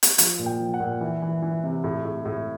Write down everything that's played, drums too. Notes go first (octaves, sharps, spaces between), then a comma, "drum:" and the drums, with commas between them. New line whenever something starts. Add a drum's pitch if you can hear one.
drum: hi-hat
F3, drum: hi-hat
A#2
G5
F3
F#5
A#2
E3
E3
E3
C3
A2
A2
A2